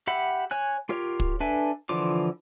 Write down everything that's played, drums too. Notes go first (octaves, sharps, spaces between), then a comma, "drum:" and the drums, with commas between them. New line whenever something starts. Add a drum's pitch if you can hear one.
G4 E5 F#5 B5
C#5 G#5 F#6
F4 G4 A#4 C#5
drum: kick
D4 A4 B4 E5 G#5
D3 E3 F3 F4 D6